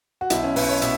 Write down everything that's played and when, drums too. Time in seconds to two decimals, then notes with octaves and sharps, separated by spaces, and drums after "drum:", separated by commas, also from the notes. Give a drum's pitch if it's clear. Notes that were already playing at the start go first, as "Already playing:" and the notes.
0.21 F#4
0.30 B1 E4, drum: hi-hat
0.43 C#4
0.56 B1 B4, drum: open hi-hat
0.69 C#5
0.82 B2 E5, drum: hi-hat